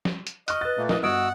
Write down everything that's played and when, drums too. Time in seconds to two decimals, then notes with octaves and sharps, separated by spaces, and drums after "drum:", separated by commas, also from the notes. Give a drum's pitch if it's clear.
0.05 drum: snare
0.27 drum: hi-hat
0.48 D#5 C#6 F6 F#6, drum: hi-hat
0.61 B4 F#6 A6
0.78 A#2 A3 A#3
0.89 E4 A#4 D#5 D#6, drum: snare
1.03 G1 F#4 D#5 F#5 D#6 E6 D7